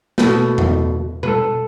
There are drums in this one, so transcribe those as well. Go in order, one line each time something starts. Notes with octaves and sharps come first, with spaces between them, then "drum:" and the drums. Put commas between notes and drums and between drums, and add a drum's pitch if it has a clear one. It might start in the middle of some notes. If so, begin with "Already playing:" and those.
B2 A3 B4, drum: snare
drum: tom E2
B4, drum: tom B2
A4